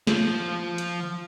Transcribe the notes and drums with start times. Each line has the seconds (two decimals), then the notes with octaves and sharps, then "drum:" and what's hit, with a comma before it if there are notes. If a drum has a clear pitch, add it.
0.07 F3 F4, drum: snare
0.78 drum: hi-hat